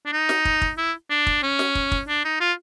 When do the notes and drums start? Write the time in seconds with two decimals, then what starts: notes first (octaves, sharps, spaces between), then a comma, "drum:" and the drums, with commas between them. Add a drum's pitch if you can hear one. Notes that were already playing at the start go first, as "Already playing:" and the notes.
0.06 D4
0.12 D#4
0.29 drum: snare
0.45 drum: kick
0.62 drum: kick
0.78 E4
1.10 D4
1.27 drum: kick
1.43 C#4
1.59 drum: snare
1.75 drum: kick
1.92 drum: kick
2.08 D4
2.24 D#4
2.40 F4